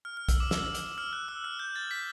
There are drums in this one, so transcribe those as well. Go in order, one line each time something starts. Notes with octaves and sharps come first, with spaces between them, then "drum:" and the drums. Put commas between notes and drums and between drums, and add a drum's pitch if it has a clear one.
F6
F6
E6, drum: kick B1, hi-hat
D6
E6, drum: snare
drum: hi-hat
F6
F#6
E6
F6
G6
A6
B6